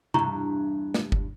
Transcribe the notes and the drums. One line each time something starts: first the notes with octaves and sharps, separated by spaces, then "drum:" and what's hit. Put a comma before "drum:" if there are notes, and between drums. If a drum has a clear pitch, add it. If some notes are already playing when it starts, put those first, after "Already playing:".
E2 G2 E4 A#5 C#6, drum: tom C3
drum: snare
drum: kick F#1